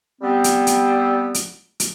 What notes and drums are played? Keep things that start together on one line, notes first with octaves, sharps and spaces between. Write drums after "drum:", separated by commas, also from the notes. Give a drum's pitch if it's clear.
G3 B3 C4
drum: hi-hat
drum: hi-hat
drum: hi-hat
drum: hi-hat